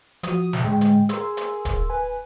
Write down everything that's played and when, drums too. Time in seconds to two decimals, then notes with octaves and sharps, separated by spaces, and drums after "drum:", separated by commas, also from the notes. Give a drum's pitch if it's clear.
0.23 F3 F#4 D#6, drum: hi-hat
0.53 drum: snare
0.64 A2 D3 G#3 G5
0.81 drum: hi-hat
1.09 G#4 A#4 C6 E6, drum: hi-hat
1.37 drum: hi-hat
1.65 drum: kick, hi-hat
1.90 B4 G#5